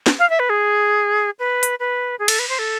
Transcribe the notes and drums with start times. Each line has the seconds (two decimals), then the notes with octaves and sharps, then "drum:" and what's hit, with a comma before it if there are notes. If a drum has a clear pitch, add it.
0.06 drum: snare
0.19 F5
0.30 E5
0.39 B4
0.49 G#4
1.39 B4
1.63 drum: hi-hat
1.80 B4
2.19 G#4
2.28 A4, drum: cymbal
2.39 B4
2.49 C5
2.59 A4